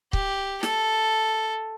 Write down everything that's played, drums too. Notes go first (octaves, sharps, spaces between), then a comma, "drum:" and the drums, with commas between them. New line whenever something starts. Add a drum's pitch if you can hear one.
G4, drum: kick C#1
A4, drum: snare